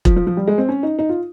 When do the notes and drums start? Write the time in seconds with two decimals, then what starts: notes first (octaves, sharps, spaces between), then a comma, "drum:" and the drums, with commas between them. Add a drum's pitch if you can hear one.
0.05 F3, drum: kick E1
0.16 F3
0.27 F3
0.37 G3
0.48 G#3
0.58 C4
0.69 C#4
0.83 D#4
0.99 D#4
1.09 F4